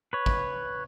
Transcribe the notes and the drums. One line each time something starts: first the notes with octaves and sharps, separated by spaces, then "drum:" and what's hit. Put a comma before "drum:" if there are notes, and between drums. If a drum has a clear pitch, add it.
B4 C#5
drum: kick